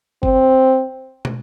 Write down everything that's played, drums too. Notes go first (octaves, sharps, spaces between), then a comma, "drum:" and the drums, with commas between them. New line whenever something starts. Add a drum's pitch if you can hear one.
C4, drum: kick G1
drum: tom